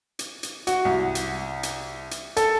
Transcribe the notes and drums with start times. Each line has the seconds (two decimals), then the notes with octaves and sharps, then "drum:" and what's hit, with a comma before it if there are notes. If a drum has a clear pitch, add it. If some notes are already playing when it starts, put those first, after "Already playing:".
0.19 drum: hi-hat
0.43 drum: hi-hat
0.67 F#4, drum: hi-hat
0.85 C2
1.15 drum: hi-hat
1.63 drum: hi-hat
2.11 drum: hi-hat
2.37 A4, drum: hi-hat